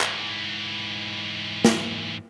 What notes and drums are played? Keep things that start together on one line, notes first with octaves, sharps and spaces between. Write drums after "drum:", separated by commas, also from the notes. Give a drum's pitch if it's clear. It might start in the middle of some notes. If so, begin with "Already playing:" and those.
G#2 E3, drum: clap
drum: snare